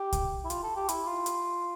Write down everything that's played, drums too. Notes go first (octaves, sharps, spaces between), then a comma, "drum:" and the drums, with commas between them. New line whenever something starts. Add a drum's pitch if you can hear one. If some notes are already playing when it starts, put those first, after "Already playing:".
Already playing: G4
drum: kick C2, hi-hat
E4
F4, drum: hi-hat
A4
G4
E4, drum: hi-hat
F4
drum: hi-hat